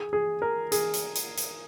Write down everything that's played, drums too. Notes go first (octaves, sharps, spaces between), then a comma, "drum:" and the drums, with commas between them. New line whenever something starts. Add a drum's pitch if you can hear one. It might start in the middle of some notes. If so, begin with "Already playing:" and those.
Already playing: G#4
G#4
A#4
G#4, drum: hi-hat
drum: hi-hat
drum: hi-hat
drum: hi-hat